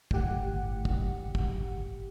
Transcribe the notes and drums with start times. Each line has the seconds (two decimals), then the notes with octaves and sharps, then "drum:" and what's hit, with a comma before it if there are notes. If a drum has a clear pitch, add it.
0.11 G1 A2 G4 F#5, drum: kick
0.85 drum: kick
1.35 drum: kick